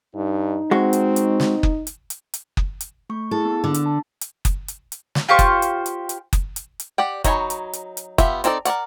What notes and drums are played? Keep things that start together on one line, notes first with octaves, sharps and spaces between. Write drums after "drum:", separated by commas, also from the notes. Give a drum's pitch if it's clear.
G2 D#4
G#3 C4 F#4
drum: hi-hat
drum: hi-hat
drum: snare
drum: kick F#1
drum: hi-hat
drum: hi-hat
drum: hi-hat
drum: kick F#1
drum: hi-hat
A3 C#6
E4 G#4 A4 A5
B3
D3
drum: hi-hat
A5
drum: hi-hat
drum: kick F#1, hi-hat
drum: hi-hat
drum: hi-hat
drum: snare
F4 G4 C5 C#6
drum: kick F#1, hi-hat
drum: hi-hat
drum: hi-hat
drum: hi-hat
drum: kick F#1, hi-hat
drum: hi-hat
drum: hi-hat
G4 D5 F#5 G5
F#3 D#4 C#5 G#5 B5, drum: kick F#1, hi-hat
drum: hi-hat
drum: hi-hat
drum: hi-hat
B3 F4 G4 E5, drum: kick F#1, hi-hat
C4 D#4 A4 A#4 D5, drum: hi-hat
A#4 B4 D5 F#5, drum: hi-hat